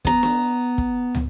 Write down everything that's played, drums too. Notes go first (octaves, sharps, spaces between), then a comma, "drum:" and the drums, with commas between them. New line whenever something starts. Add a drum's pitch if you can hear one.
B3 A#5, drum: kick
drum: snare
drum: kick
drum: tom